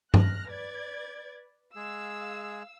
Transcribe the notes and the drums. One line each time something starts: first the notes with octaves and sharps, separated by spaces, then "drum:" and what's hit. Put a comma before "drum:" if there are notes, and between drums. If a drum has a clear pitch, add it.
F6 F#6 A#6, drum: tom G2
B4 D5 G#6
G#3 G#4 F5 E6